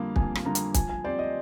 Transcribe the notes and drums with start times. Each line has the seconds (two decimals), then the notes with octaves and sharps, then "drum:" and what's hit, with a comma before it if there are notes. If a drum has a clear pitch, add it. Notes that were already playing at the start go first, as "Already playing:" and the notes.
Already playing: F2 D3 G3 A#3 F5
0.16 F2 G#5, drum: kick
0.35 drum: rim click
0.45 D3 G3 A#3 A#5
0.55 drum: hi-hat
0.74 F3 G#5, drum: kick, hi-hat
0.89 G#5
1.04 C4 G4 C5 D5
1.19 D#5